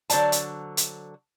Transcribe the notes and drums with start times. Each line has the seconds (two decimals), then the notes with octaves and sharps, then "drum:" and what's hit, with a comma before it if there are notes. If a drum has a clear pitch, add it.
0.10 D3 F#3 C5 D5 A5, drum: hi-hat
0.32 drum: hi-hat
0.77 drum: hi-hat